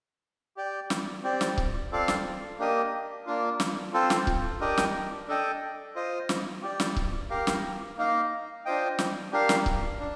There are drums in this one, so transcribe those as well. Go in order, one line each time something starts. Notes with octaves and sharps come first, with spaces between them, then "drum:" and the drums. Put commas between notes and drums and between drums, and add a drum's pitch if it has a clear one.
G4 D5 G5
drum: snare
C4 G4 D5
drum: snare
drum: kick C#1
C4 F4 A4 D5 F5
drum: snare
A#3 D4 G4 A#4 D#5
A#3 D4 F4
drum: snare
C4 F4 A4 C5
drum: snare
drum: kick C#1
D4 G4 A#4 D#5 G5
drum: snare
D4 A4 D#5 G5
F4 C5 D#5
drum: snare
G4 D5 G5
drum: snare
drum: kick C#1
G4 A#4 F5
drum: snare
A#3 D#4 A#4 F5
D4 F4 C5 D#5 G5
drum: snare
D4 G4 A#4 F5
drum: snare
drum: kick C#1
D4